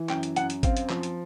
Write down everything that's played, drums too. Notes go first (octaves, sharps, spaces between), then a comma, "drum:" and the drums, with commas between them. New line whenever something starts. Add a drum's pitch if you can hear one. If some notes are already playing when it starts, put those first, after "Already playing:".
Already playing: E3
F#2 G5, drum: clap
drum: hi-hat
F#2 F#5, drum: hi-hat
drum: hi-hat
C4 F5, drum: kick G#1, hi-hat
drum: hi-hat
F3, drum: clap
drum: hi-hat